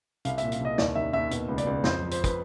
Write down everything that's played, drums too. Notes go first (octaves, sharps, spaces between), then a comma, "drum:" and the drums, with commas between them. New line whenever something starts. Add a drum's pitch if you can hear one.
C2 F5, drum: hi-hat
E5, drum: hi-hat
A#2
F5, drum: hi-hat
C2 D#5
D#2 D5, drum: snare
D#3 E5
D#2 E5
B2, drum: hi-hat
C#2
D5, drum: hi-hat
C#2
F2 C5, drum: snare
F3
C5, drum: hi-hat
B4, drum: kick, hi-hat